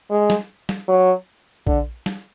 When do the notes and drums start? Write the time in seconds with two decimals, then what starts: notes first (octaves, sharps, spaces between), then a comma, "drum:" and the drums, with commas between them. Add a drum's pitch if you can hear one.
0.11 G#3
0.30 drum: snare
0.69 drum: snare
0.88 F#3
1.67 D3, drum: kick A#1
2.06 drum: snare